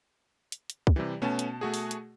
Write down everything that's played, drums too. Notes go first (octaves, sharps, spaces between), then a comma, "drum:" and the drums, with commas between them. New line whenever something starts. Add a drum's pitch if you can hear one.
drum: hi-hat
drum: hi-hat
drum: kick
C3 E3 G3
B2 A3 B3 C#4 A5
drum: hi-hat
A3 F#4 G#4
drum: open hi-hat
drum: hi-hat